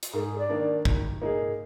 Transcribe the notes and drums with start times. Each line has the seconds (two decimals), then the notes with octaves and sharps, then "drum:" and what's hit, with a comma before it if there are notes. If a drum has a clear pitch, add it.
0.03 drum: hi-hat
0.13 G#2 A#4
0.19 G#4
0.38 D5
0.49 D#3 A#3 D4
0.85 D#3, drum: kick
1.22 A#3 D#4 G#4